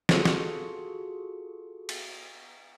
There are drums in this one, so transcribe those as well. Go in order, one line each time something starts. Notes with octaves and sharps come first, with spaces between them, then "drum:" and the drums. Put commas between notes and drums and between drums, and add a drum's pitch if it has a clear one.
F4 F#4 G#4 A4 C#7, drum: snare
drum: snare
drum: cymbal